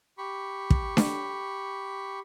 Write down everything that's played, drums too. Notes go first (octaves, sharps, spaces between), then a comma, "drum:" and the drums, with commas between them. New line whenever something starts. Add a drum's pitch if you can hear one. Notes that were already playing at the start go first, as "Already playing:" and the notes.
G4 B5 C#6
drum: kick
drum: snare D4